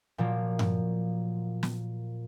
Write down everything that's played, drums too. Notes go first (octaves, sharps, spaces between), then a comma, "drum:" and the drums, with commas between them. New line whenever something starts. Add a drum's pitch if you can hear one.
A#2 F3 F#3 A#3
drum: tom G2
drum: snare